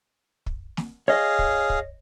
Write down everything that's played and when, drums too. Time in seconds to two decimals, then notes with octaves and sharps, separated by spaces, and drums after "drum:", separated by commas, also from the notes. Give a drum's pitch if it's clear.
0.46 drum: kick
0.77 drum: snare
1.08 G#4 C#5 D#5 F5
1.39 drum: kick
1.70 drum: kick